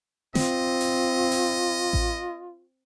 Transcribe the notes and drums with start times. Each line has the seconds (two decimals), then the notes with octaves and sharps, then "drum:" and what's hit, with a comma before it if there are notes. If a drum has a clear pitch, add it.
0.35 C4 F4 D#5, drum: snare
0.81 drum: open hi-hat
1.32 drum: open hi-hat
1.93 drum: kick A1